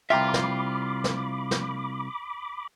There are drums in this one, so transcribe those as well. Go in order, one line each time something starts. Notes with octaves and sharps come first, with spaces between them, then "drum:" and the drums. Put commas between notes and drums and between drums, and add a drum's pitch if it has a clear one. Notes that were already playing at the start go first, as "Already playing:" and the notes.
C2 F4 E5 G5 A#5 B5 D6
drum: snare
drum: snare
drum: snare